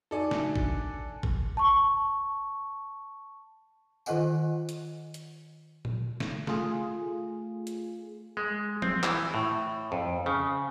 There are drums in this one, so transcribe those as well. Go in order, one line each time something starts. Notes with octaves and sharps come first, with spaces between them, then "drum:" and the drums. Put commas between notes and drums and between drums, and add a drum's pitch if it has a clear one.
D#4 F#4 A4 D5 G#5
D4 D#4 E5, drum: snare
F#6, drum: kick
drum: kick
A5 C#6
D#3 F4 A4 D#5 F#5 G#5, drum: tambourine
drum: hi-hat
drum: hi-hat
drum: tom A#2
drum: snare
A3 F4 G#4, drum: snare
drum: hi-hat
G#3
C4, drum: tom F3
E3, drum: clap
A2
F2
C#3